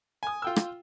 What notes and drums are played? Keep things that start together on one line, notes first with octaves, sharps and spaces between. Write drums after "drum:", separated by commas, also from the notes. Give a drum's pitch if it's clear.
G#5 D#6
F4 G5 E6
drum: rim click